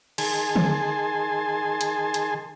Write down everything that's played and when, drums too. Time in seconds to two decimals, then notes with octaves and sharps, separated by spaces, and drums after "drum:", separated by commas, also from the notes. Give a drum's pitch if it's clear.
0.18 D#3 G#4 G#5 A5 C6, drum: cymbal
0.56 drum: tom D3
1.81 drum: hi-hat
2.14 drum: hi-hat